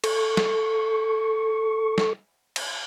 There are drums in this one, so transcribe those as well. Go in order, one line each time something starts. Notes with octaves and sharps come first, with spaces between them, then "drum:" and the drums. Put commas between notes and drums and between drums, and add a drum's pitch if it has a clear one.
A4 C#6, drum: cymbal
drum: snare
drum: snare
drum: cymbal